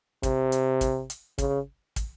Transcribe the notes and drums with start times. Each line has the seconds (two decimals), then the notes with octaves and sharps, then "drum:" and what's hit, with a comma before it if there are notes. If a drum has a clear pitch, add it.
0.23 C3, drum: kick, hi-hat
0.52 drum: hi-hat
0.81 drum: kick, hi-hat
1.10 drum: hi-hat
1.38 C#3, drum: kick, hi-hat
1.96 drum: kick, hi-hat